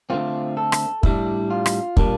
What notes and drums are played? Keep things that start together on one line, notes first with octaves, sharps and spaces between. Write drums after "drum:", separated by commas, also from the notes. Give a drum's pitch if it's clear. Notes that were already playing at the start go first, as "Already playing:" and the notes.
D3 A3 C4 F4
A4
drum: rim click
A2 G3 D4 E4, drum: kick
F4
drum: rim click
A#2 G3 A#3 D4, drum: kick